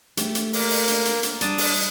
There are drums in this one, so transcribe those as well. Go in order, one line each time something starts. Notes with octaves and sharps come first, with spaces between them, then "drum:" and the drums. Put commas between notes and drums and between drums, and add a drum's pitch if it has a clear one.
A3 G4, drum: hi-hat
drum: hi-hat
A#3, drum: open hi-hat
drum: open hi-hat
drum: hi-hat
drum: hi-hat
drum: hi-hat
G3 D4 A5 D#6, drum: hi-hat
drum: open hi-hat